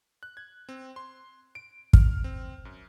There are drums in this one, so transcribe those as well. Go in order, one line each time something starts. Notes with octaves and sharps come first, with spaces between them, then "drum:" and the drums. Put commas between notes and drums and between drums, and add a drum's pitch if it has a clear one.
F#6
G#6
C4
C6
D7
F6, drum: kick
C4
F#2